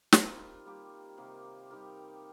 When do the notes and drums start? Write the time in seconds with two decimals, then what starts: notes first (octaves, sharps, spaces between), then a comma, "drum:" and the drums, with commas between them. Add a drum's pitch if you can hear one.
0.12 D#3 G3 C4 F4, drum: snare
0.66 G3 A#3 G4
1.17 C3 D#3 A#3
1.71 G3 D#4 G4 A#4